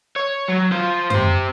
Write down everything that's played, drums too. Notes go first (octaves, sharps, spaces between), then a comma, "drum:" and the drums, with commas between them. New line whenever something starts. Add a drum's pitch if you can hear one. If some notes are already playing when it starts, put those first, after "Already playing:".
C#5
F#3
F3 C5
G4 C5, drum: tom F#2